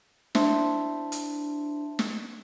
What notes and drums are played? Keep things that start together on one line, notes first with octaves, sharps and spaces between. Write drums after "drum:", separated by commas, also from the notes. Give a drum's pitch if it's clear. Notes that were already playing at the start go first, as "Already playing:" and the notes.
D4 E4 C5 E5 A5 C6, drum: snare
drum: hi-hat
drum: snare